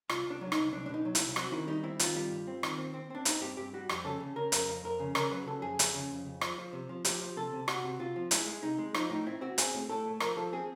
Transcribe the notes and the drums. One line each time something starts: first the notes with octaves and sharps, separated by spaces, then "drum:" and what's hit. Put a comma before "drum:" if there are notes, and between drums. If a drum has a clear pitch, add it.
C2 F4, drum: rim click
C2 D4
F#3
D#4, drum: rim click
C2
C2 D4
D4
B2 D#4
F#3
E4, drum: hi-hat
C2
C4 F#4, drum: rim click
D#3 E4
G3 D#4
C4 E4
D#3 F4, drum: hi-hat
G3
G2
C4
D#3, drum: rim click
C4
C4
C4 D4
C4 D#4, drum: hi-hat
G2 G4
G2 G4
G3 F#4
F2 G4, drum: rim click
C#3 A4
C#3
C#3 A#4
F2 A#4, drum: hi-hat
F2
F2 A#4
C#3
C#3 A#4, drum: rim click
F#3 B4
C#3 A4
F2 G#4
F2, drum: hi-hat
C#3
F2
F2
F3, drum: rim click
F3
C3
F3
F3 G4, drum: hi-hat
F3
C3 A4
C3
C3 F#4, drum: rim click
C3
C3 F4
F3
G#3 E4, drum: hi-hat
G#3
C3 D#4
G#3
F3 D#4, drum: rim click
A2 D#4
C4 E4
C4 F#4
C4 G#4, drum: hi-hat
A2
A2 A4
A3
F3 A#4, drum: rim click
F3 A4
C4 G#4